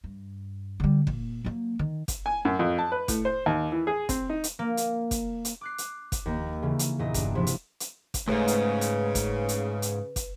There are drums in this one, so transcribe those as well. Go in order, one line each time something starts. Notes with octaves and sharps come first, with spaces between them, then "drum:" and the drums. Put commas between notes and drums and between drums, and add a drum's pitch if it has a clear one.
G2
D3 G3
A#2 A#3, drum: kick
F#3 A#3
D#3
drum: kick, hi-hat
G#5
F#2
F2
A5
B4
A2, drum: kick, hi-hat
C5
D#2
E3
G#4
C4, drum: kick, hi-hat
D#4
drum: hi-hat
A#3
drum: hi-hat
drum: kick, hi-hat
drum: hi-hat
D6 F#6 C7
drum: hi-hat
drum: kick, hi-hat
D#2 A#3
C#3 E3
drum: hi-hat
E2 A#2 A#3 D#5
G2 D4, drum: kick, hi-hat
C3 F3 E4
drum: hi-hat
drum: hi-hat
drum: kick, hi-hat
C#2 G#2 C#3 A3 B4
drum: hi-hat
drum: hi-hat
drum: kick, hi-hat
drum: hi-hat
drum: hi-hat
drum: kick, hi-hat